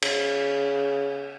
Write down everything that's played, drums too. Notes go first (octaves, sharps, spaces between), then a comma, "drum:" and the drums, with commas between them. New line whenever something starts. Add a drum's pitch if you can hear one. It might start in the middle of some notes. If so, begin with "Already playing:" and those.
C#3, drum: cymbal